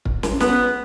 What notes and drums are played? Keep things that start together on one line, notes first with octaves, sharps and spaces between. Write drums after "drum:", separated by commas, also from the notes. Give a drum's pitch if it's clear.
drum: kick
drum: snare
B3, drum: snare